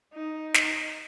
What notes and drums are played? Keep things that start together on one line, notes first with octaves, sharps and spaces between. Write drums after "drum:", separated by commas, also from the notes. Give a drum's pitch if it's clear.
D#4
drum: snare